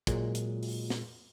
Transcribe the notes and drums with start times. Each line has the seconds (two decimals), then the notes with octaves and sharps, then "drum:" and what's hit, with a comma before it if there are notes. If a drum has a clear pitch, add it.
0.07 A#2 F#3 G#3, drum: kick, hi-hat
0.35 drum: hi-hat
0.63 drum: open hi-hat
0.90 drum: snare